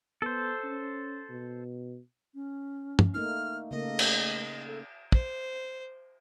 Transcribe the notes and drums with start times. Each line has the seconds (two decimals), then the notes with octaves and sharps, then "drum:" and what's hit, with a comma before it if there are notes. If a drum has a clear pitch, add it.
0.22 B3 A4 C5
0.63 C#4
1.30 B2
2.35 C#4
2.99 drum: tom
3.14 A3 A#3 D#4 F6
3.71 C#3 A3 A#3 D#5
3.99 drum: cymbal
4.66 A4
5.12 C5, drum: kick